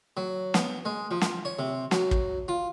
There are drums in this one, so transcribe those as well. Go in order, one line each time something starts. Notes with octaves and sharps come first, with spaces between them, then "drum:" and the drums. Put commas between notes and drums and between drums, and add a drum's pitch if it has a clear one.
F#3
B3, drum: snare
G#3
F3
drum: snare
C#5
C3
F#3, drum: snare
drum: kick
F4